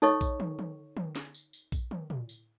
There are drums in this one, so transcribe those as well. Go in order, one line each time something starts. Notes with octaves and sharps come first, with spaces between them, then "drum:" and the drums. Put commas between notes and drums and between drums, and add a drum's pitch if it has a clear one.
D#4 A4 C#5 D#5 C#6, drum: tambourine
drum: kick A#1, tambourine
drum: tom
drum: tom
drum: tom
drum: snare
drum: tambourine
drum: tambourine
drum: kick A#1, tambourine
drum: tom
drum: tom
drum: tambourine